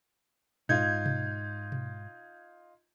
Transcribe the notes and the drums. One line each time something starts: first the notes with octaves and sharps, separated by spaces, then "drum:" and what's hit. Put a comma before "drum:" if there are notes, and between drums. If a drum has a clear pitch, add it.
G#2 D#4 F4 G6 G#6, drum: tom A#2
drum: tom B2
drum: tom B2